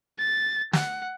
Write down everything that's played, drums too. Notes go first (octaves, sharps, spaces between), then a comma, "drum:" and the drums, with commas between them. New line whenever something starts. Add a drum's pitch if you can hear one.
A6
F#5, drum: snare